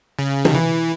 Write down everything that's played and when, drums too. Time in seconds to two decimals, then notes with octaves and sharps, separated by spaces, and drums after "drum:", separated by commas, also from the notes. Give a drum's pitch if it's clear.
0.19 C#3
0.45 D#3, drum: tom
0.54 E3